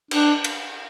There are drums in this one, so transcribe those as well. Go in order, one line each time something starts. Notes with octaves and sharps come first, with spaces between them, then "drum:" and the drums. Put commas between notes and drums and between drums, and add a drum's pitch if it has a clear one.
D4, drum: cymbal
drum: cymbal